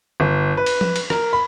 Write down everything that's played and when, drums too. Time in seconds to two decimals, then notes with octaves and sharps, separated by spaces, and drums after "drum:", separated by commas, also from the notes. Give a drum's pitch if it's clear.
0.20 G1
0.57 B4
0.66 drum: cymbal
0.81 drum: tom F3
0.96 drum: cymbal
1.10 A#4, drum: rim click
1.33 B5